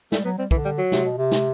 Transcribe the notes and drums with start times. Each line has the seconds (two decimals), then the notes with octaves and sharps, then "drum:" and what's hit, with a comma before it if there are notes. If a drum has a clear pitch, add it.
0.12 G3 A3, drum: snare
0.24 F#3 B3
0.38 G3 C4
0.51 D3 E3, drum: kick
0.65 G3
0.78 F#3
0.92 C3, drum: snare
1.04 B2
1.18 C3
1.31 drum: snare